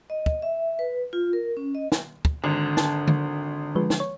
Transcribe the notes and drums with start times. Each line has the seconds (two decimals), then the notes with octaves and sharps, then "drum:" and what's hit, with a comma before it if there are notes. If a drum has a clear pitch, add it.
0.10 D#5
0.26 drum: kick
0.42 E5
0.79 B4
1.13 F4
1.33 A#4
1.57 C#4
1.75 D#5
1.92 drum: snare
2.25 drum: kick
2.44 G#1 D3
2.77 A5, drum: snare
3.07 drum: tom D3
3.75 F3 G#3 B4
3.90 drum: snare
4.00 C#5